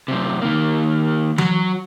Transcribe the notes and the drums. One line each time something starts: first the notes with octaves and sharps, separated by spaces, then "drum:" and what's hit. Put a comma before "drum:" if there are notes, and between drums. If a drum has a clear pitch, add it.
F#2 C3
D#3 A#3
F#3, drum: tom E3